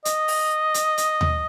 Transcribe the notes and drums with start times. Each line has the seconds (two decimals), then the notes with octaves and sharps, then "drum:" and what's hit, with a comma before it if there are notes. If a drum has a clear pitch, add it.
0.05 D#5, drum: hi-hat
0.28 drum: open hi-hat
0.74 drum: hi-hat
0.98 drum: hi-hat
1.21 drum: tom D#2